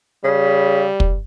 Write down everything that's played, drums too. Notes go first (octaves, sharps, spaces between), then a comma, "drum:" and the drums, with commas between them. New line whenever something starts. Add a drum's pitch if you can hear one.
C#3 G3
drum: kick